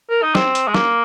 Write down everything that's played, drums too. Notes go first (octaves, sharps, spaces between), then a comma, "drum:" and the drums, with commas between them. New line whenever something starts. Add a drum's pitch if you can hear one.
A#4
D#4
C4, drum: snare
drum: hi-hat
G#3
A#3, drum: snare